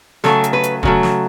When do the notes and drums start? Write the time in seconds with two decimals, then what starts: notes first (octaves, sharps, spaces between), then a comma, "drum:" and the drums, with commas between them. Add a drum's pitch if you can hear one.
0.24 C#3 F#3 A3 A4, drum: snare
0.44 drum: hi-hat
0.53 B4
0.63 drum: hi-hat
0.83 C#3 F#3 A3, drum: kick
1.03 drum: snare